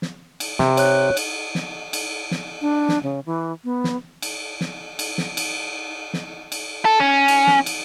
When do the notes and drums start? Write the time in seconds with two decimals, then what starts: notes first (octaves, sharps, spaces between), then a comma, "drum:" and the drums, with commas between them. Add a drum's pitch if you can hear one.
0.02 drum: snare
0.40 drum: cymbal
0.59 C3, drum: snare
0.77 C#5 F#6, drum: cymbal
1.17 drum: cymbal
1.55 drum: snare
1.93 drum: cymbal
2.31 drum: snare
2.61 D4
2.89 drum: snare
3.03 C#3
3.26 E3
3.64 B3
3.84 drum: snare
4.22 drum: cymbal
4.61 drum: snare
4.99 drum: cymbal
5.18 drum: snare
5.37 drum: cymbal
6.13 drum: snare
6.52 drum: cymbal
6.85 A4
7.00 C#4
7.28 drum: cymbal
7.47 drum: snare
7.66 drum: cymbal